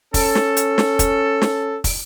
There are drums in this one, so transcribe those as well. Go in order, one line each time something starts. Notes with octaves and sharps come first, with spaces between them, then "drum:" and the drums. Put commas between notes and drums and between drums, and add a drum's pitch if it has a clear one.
C#4 A4, drum: kick, open hi-hat
drum: snare
drum: hi-hat
drum: snare
drum: kick, hi-hat
drum: snare
drum: kick, open hi-hat